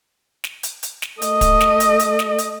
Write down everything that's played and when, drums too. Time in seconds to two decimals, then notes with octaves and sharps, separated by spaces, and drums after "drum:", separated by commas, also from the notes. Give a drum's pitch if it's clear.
0.44 drum: snare
0.63 drum: hi-hat
0.83 drum: hi-hat
1.02 drum: snare
1.22 A3 D#5, drum: hi-hat
1.41 drum: kick, hi-hat
1.61 drum: snare
1.80 drum: hi-hat
1.99 drum: hi-hat
2.19 drum: snare
2.38 drum: hi-hat